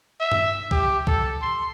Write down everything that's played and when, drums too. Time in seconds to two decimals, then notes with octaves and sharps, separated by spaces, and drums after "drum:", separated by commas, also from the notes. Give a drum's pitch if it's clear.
0.20 E5
0.32 drum: tom G2
0.71 G4, drum: kick
1.07 A4, drum: kick
1.42 C6